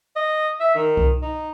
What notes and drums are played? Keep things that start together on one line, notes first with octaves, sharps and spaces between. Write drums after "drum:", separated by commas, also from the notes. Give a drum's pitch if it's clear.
D#5
E5
D#3
drum: kick C2
D#4